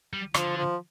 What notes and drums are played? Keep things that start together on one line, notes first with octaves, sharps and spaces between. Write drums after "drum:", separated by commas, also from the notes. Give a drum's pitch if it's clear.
G3
D3 F3, drum: rim click
F3